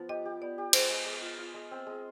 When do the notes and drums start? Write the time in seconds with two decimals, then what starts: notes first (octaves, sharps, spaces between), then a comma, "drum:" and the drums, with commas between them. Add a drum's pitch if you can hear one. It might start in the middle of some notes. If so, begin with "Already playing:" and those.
Already playing: F3 B3
0.09 G4 D#5
0.25 G4
0.41 B3 D5
0.58 G4
0.73 G#3 C5, drum: cymbal
0.90 G#3
1.06 G#3
1.22 F4
1.38 F4
1.54 G#3
1.71 C4
1.87 G#3